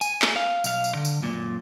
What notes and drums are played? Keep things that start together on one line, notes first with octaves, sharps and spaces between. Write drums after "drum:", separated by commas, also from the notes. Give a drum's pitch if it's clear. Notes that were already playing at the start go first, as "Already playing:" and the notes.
G#5, drum: tambourine
drum: clap
F5
B1 F5, drum: tambourine
drum: tambourine
D3
drum: tambourine
F#2 A#2